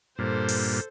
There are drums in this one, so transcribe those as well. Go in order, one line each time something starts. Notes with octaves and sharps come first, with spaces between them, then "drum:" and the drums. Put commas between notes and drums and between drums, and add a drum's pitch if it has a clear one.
G2 A#2 A4 C5
drum: open hi-hat